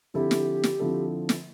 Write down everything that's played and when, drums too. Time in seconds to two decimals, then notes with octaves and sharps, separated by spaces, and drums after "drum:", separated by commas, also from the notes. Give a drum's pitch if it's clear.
0.14 D3 F3 C4 E4 G4 A4
0.31 drum: snare
0.64 drum: snare
0.80 D3 F3 C4 E4 A4
1.29 drum: snare